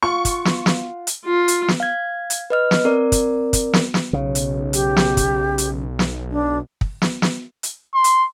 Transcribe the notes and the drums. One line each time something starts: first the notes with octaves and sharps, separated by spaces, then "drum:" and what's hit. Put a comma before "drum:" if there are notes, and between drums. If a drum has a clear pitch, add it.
F4 F#5 C#6
drum: kick, hi-hat
drum: snare
drum: snare
drum: hi-hat
F4
drum: hi-hat
drum: snare
F5 G#6
drum: hi-hat
B4 D#5 F6
drum: snare
C4 A#4 D5
drum: kick, hi-hat
drum: kick, hi-hat
drum: snare
drum: snare
B1 C#3
drum: hi-hat
G4, drum: hi-hat
drum: snare
drum: kick, hi-hat
drum: hi-hat
drum: snare
D4
drum: kick
drum: snare
drum: snare
drum: hi-hat
C6
drum: hi-hat